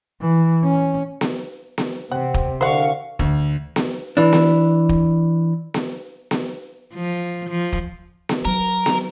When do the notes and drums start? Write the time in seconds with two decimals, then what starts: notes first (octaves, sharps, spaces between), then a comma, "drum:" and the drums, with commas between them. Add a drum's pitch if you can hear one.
0.21 E3
0.64 C#4
1.21 drum: snare B3
1.78 drum: snare B3
2.12 C3 C4 F#5
2.34 drum: kick
2.61 C2 D3 C5 F5 F#5 C#6
3.19 D2, drum: kick
3.76 drum: snare B3
4.17 E3 D4
4.33 drum: snare B3
4.89 drum: kick
5.74 drum: snare B3
6.31 drum: snare B3
6.94 F3
7.50 F3
7.73 drum: kick
8.29 drum: snare B3
8.45 F#3 A#4
8.86 drum: snare B3